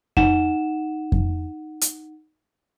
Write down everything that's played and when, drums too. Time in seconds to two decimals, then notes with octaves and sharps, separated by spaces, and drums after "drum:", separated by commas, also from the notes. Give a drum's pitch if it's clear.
0.17 D#4 F#5 E7, drum: kick F2
1.12 drum: kick F2
1.81 drum: hi-hat